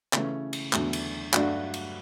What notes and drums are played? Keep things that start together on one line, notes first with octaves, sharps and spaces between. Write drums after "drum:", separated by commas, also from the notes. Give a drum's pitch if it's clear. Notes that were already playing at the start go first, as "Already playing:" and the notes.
C#3 E3 A3 C#4, drum: clap
drum: cymbal
E2 D3 F#3 A3, drum: clap
drum: cymbal
G2 F#3 A3 D4 F#4, drum: clap
drum: cymbal